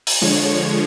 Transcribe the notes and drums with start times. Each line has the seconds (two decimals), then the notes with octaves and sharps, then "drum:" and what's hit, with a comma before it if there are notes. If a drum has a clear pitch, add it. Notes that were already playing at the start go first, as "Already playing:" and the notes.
0.07 drum: open hi-hat
0.22 D3 F3 G#3 C#5